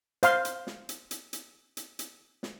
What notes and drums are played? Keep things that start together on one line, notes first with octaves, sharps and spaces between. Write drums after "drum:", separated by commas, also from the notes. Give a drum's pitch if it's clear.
C5 F5 C6, drum: hi-hat
drum: hi-hat
drum: snare
drum: hi-hat
drum: hi-hat
drum: hi-hat
drum: hi-hat
drum: hi-hat
drum: snare